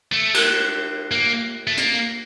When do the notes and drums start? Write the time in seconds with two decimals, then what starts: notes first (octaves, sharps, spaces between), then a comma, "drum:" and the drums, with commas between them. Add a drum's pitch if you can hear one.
0.12 A3
0.34 drum: cymbal
1.11 A#3
1.67 A3
1.77 A#3, drum: hi-hat